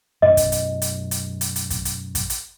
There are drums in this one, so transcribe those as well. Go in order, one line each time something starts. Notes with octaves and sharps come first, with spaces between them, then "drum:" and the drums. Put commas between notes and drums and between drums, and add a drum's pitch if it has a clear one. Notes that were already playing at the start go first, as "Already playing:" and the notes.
F#2 B2 F#3 D#5
drum: kick, hi-hat
drum: hi-hat
drum: hi-hat
drum: hi-hat
drum: hi-hat
drum: hi-hat
drum: kick, hi-hat
drum: hi-hat
drum: kick, hi-hat
drum: hi-hat